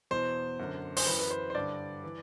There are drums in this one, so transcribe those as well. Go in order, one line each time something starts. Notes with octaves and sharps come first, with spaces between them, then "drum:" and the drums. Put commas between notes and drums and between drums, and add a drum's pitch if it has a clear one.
E2 B2 C5
F#2 D3
C5, drum: open hi-hat
F#2 E3 B4
B4
C5
C5
G2 D3 D5
E3